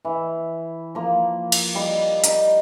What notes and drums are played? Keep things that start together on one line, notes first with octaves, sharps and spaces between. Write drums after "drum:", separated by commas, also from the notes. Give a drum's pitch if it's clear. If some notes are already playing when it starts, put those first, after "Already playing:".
E3
F3 A#3
drum: cymbal
G3 D#5
D#4, drum: hi-hat